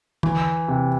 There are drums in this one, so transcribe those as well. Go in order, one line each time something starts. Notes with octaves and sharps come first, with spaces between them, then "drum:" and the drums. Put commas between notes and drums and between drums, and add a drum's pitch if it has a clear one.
E3, drum: tom D3
C3